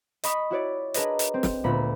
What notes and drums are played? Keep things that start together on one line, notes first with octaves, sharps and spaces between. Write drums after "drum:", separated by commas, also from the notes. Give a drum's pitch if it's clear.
D#5 B5 C#6 D#6 B6, drum: hi-hat
E4 F#4 C#5 D5
D4 G#4 A#4 B4 D#5, drum: hi-hat
drum: hi-hat
C4
drum: snare
D2 A#2 B3 B5